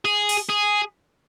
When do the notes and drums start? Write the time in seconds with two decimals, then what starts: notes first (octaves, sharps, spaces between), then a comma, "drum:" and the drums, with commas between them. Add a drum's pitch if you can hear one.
0.05 G#4
0.29 drum: open hi-hat
0.50 G#4